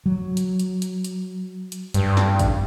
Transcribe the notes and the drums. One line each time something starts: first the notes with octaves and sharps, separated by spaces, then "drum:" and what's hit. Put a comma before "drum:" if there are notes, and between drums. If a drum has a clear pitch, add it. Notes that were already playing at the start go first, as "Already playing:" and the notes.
F#3
drum: hi-hat
drum: hi-hat
drum: hi-hat
drum: hi-hat
drum: hi-hat
G2, drum: hi-hat
drum: snare
drum: kick, hi-hat